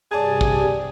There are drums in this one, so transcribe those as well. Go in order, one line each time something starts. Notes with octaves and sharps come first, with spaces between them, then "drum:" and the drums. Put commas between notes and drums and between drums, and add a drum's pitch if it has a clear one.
G2 C3 G4 G#4 D5 A5 G#6
drum: kick